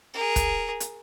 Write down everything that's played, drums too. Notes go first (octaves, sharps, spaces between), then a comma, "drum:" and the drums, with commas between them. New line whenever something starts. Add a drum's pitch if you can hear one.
G#4 A#4
drum: kick, hi-hat
drum: hi-hat